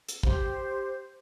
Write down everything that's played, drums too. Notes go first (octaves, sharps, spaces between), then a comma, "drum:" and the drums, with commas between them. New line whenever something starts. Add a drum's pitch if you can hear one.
drum: hi-hat
G4 C5, drum: kick